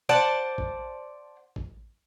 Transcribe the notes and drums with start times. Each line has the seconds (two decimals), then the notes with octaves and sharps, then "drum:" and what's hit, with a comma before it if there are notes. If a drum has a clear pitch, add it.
0.09 C5 D5 F#5 A5
0.58 drum: kick A1
1.56 drum: kick A1